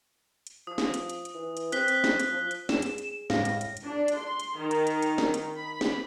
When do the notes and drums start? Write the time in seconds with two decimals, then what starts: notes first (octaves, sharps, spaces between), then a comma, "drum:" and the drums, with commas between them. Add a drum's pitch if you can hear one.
0.47 drum: hi-hat
0.67 F3 D#6
0.78 drum: snare
0.94 drum: hi-hat
1.09 drum: hi-hat
1.25 drum: hi-hat
1.35 E3
1.57 drum: hi-hat
1.72 C4 F#6 B6 G7, drum: hi-hat
1.88 drum: hi-hat
2.04 drum: snare
2.20 drum: hi-hat
2.32 F3
2.51 drum: hi-hat
2.69 G#4 E7, drum: snare
2.82 drum: hi-hat
2.98 drum: hi-hat
3.30 A2 G#3 F5 A#6, drum: snare
3.45 drum: hi-hat
3.61 drum: hi-hat
3.77 drum: hi-hat
3.86 D4
4.08 drum: hi-hat
4.20 C6
4.40 drum: hi-hat
4.59 D#3
4.71 drum: hi-hat
4.87 drum: hi-hat
5.02 drum: hi-hat
5.18 drum: snare
5.34 drum: hi-hat
5.58 B5
5.81 drum: snare